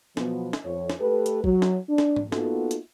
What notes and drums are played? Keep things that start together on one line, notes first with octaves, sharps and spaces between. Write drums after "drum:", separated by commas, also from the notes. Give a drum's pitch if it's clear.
B2 F3 F#3 B3, drum: snare
drum: snare
F2 C#5
drum: snare
A3 G4 A4 B4
drum: hi-hat
F#3, drum: kick
drum: snare
D4
drum: snare
drum: tom G#2
A#3 B3 D#4 F4 F#4 A4, drum: snare
drum: hi-hat